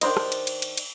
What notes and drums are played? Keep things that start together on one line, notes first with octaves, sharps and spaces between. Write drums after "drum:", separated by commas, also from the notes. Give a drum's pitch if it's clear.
D#3 D4 C5 D#5, drum: cymbal
drum: rim click
drum: cymbal
drum: cymbal
drum: cymbal
drum: cymbal